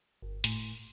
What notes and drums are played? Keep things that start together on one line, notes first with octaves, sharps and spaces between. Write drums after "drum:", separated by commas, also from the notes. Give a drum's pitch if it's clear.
G1
A2, drum: hi-hat